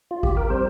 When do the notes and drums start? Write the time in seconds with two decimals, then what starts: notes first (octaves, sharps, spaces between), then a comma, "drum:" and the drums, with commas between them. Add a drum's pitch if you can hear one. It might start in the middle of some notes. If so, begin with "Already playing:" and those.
0.11 F4
0.23 G4, drum: kick G#1
0.37 A#4
0.50 G3 C4 C5